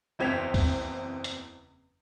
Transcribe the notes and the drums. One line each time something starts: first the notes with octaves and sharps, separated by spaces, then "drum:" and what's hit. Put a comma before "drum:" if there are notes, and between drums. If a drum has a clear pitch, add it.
F#1 E2 C4 G#6 B6 F7
drum: kick C#2, open hi-hat
drum: hi-hat